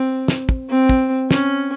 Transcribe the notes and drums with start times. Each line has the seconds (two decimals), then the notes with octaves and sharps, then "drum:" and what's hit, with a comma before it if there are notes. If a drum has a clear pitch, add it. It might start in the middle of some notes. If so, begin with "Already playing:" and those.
Already playing: C4
0.28 drum: snare
0.49 drum: kick
0.69 C4
0.89 drum: kick
1.31 C#4, drum: snare